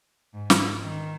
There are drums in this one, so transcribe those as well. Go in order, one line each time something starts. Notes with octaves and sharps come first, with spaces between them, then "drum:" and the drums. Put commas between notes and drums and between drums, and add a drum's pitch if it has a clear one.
G#2
drum: snare
D#3